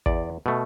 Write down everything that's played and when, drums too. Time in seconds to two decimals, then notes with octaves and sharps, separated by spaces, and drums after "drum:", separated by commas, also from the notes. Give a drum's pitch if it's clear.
0.06 E2 D5, drum: kick
0.46 B2 A3